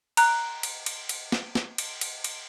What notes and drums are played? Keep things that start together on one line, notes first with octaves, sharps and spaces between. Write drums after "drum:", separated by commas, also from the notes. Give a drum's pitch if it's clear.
A#5 F#6, drum: cymbal
drum: cymbal
drum: cymbal
drum: cymbal
drum: snare
drum: snare
drum: cymbal
drum: cymbal
drum: cymbal